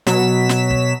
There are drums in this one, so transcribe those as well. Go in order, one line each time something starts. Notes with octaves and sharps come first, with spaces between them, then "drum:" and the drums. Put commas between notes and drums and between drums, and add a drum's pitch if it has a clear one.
B2 F#3 B6 E7, drum: snare
drum: snare
drum: kick